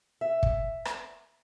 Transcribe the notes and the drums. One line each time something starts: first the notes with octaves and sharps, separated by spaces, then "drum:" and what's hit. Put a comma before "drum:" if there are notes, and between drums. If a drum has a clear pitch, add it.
E5
drum: kick
drum: rim click